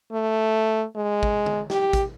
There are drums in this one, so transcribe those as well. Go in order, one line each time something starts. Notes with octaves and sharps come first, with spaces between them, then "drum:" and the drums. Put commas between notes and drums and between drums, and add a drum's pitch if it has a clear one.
A3
G#3
drum: kick A1
drum: tom D3
G4, drum: snare
drum: kick A1, hi-hat